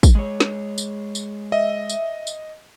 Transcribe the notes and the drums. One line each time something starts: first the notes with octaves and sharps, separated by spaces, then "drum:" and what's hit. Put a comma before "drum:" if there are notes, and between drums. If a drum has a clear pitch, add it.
drum: kick, tambourine
G#3 G#4 C#5
drum: snare
drum: tambourine
drum: tambourine
D#5 E5
drum: tambourine
drum: tambourine